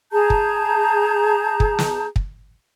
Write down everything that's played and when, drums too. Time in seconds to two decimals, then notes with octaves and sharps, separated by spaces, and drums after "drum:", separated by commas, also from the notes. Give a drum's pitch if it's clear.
0.11 G#4 A5 A#5 G6
0.30 drum: kick
1.60 drum: kick
1.79 drum: snare
2.16 drum: kick